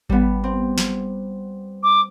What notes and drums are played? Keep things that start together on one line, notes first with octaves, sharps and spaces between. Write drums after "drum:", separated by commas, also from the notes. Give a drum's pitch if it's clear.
G3 B3, drum: kick G#1
C4
drum: snare
D6